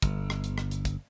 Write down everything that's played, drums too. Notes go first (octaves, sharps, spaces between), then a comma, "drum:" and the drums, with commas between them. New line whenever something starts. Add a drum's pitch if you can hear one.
G1, drum: kick, hi-hat
drum: rim click
drum: hi-hat
drum: rim click
drum: hi-hat
drum: kick, hi-hat